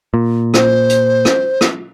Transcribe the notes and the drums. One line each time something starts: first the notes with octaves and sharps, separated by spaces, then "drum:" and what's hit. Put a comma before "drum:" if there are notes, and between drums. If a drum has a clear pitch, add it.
A#2
C5, drum: rim click
drum: hi-hat
drum: rim click
drum: rim click